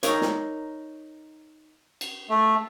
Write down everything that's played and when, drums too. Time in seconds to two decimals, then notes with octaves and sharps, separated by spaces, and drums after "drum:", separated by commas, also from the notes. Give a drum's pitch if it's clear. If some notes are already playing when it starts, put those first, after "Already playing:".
0.03 D#4 A#4 C#5, drum: hi-hat
0.21 drum: snare
2.01 drum: cymbal
2.29 A3